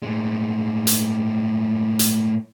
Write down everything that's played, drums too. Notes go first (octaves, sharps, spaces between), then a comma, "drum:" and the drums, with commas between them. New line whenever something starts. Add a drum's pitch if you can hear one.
A2 G#3
drum: hi-hat
drum: hi-hat